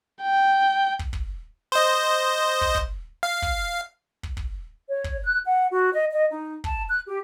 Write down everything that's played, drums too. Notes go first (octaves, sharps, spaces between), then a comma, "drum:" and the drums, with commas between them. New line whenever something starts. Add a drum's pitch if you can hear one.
G5
drum: kick
drum: kick
C5 D#5
drum: kick
drum: kick
F5
drum: kick
drum: kick
drum: kick
C#5
drum: kick
F#6
F#5
F#4
D#5
D#5
D#4
A5, drum: kick
F#6
G4